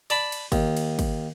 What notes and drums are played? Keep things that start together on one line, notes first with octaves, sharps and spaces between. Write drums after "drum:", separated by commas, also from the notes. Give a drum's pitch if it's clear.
D5 A5 B5, drum: cymbal
drum: cymbal
D#2, drum: kick, cymbal
drum: cymbal
drum: kick, cymbal